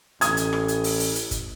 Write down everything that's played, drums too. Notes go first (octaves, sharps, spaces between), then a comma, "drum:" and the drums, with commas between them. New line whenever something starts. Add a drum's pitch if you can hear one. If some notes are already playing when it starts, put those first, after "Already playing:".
A1 D#6 G#6, drum: hi-hat
drum: hi-hat
drum: rim click
drum: hi-hat
drum: open hi-hat
drum: open hi-hat
drum: hi-hat
drum: kick F#1, hi-hat